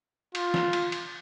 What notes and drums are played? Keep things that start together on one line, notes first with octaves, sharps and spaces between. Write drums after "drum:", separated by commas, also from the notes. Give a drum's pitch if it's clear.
F4, drum: cymbal
drum: snare
drum: cymbal
drum: cymbal